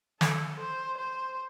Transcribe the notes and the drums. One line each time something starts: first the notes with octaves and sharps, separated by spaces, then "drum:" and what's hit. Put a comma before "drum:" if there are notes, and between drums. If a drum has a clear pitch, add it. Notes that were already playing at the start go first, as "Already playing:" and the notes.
A4, drum: snare
C5
C5